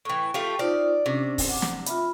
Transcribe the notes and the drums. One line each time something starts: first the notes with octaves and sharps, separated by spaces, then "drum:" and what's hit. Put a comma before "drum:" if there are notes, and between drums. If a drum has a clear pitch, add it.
A2 E3 G5 C#6
A3 F4 G4
D#4 F4 C5 D5
C3 C#4 D4
drum: kick, open hi-hat
F#5 D6
drum: snare
F4 E5 B5, drum: hi-hat